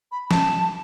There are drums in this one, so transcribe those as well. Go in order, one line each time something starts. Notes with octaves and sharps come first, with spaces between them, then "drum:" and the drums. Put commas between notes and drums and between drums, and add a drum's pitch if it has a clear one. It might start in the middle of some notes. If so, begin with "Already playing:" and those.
B5
A5, drum: snare